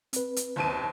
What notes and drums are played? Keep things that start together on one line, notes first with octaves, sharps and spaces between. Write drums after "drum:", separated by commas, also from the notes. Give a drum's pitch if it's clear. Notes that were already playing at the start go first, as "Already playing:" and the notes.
C4 B4, drum: hi-hat
drum: hi-hat
F#1 D#2 D#7